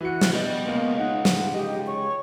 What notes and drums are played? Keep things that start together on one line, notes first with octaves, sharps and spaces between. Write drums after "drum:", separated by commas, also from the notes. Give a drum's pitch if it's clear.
E3 F#4 C#7
drum: snare
B2 G3 D#5
C#2 B2 A#3 B3
D#4 F#5
drum: snare
G4 D#5
C#5 C#6